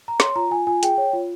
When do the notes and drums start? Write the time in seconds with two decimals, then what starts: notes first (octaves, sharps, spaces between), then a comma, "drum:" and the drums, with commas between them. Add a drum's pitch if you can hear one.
0.08 A#5
0.20 C#5 C6, drum: snare
0.36 F4 A#5
0.51 F4 G#5
0.67 F4 G#5
0.83 G#4 G5, drum: hi-hat
0.98 C#5
1.13 F4